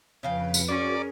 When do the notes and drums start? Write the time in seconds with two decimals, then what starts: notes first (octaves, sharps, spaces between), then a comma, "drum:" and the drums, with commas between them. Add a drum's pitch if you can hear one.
0.23 F2 C#3 B4 F5 G5
0.54 drum: tambourine
0.68 C#4 F#4 G#4 A#4 D5